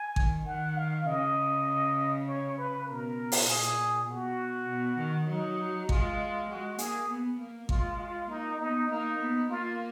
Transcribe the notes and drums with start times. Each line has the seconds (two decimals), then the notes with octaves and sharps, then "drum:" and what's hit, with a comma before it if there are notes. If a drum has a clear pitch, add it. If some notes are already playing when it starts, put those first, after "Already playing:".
Already playing: G#5
0.16 D#3, drum: kick G#1
0.46 D#3 F#5
0.77 F5
1.07 C#3 D#5
2.27 C#5
2.58 B4
2.87 B2 A#4
3.32 drum: open hi-hat
3.48 A#2 G#4
4.08 B2 F#4
4.68 B2
4.98 D#3
5.28 F#3 D#4
5.89 G#3 F4, drum: kick G#1
6.49 G#3 F#4
6.78 A#3 G#4, drum: hi-hat
7.09 B3
7.39 A#3
7.69 G#3 F4, drum: kick G#1
7.99 F4
8.29 A#3 D#4
8.59 B3 D#4
8.90 A#3 D#4
9.19 B3
9.49 A#3 F4